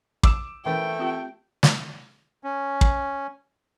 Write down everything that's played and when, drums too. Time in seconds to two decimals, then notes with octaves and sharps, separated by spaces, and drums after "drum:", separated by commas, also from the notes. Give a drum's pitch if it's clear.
0.23 D6 E6 E7, drum: kick
0.66 E3 A3 C#4 A#4 C5 G5
0.99 C4 F4 G4
1.63 drum: snare
2.43 C#4
2.81 drum: kick